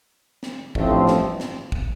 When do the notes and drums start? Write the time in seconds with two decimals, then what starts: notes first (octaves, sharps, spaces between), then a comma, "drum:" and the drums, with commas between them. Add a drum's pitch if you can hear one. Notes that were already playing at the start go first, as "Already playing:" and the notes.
0.43 drum: snare
0.75 A1 G2 F3 A3 C4, drum: kick
1.07 drum: snare
1.40 drum: snare
1.72 drum: kick